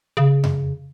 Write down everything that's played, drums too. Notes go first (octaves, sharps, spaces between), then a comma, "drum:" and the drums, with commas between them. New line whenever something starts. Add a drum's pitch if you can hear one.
C#3
drum: tom F2